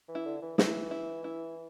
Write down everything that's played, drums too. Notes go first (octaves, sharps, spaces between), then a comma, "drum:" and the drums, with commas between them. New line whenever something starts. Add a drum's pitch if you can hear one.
E3
E4
D3
E3
E3 E4, drum: snare
E4
E4